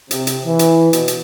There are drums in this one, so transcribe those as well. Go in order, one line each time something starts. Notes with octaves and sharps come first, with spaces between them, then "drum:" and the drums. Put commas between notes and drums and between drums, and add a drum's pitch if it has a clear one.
C3, drum: hi-hat
drum: hi-hat
E3
drum: hi-hat
B2, drum: hi-hat
drum: hi-hat